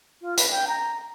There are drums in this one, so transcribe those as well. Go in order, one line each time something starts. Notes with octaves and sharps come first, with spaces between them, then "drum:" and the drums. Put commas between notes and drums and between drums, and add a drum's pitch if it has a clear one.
F4
B4, drum: hi-hat
G5
A#5